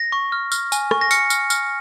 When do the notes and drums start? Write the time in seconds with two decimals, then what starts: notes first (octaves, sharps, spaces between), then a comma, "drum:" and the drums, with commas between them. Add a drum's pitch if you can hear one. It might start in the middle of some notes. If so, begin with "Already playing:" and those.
Already playing: A#6
0.12 C#6
0.32 F6
0.52 F6, drum: tambourine
0.72 G#5, drum: tambourine
0.91 C#6, drum: rim click
1.01 A#6
1.11 F6 C#7, drum: tambourine
1.30 F6, drum: tambourine
1.50 F6, drum: tambourine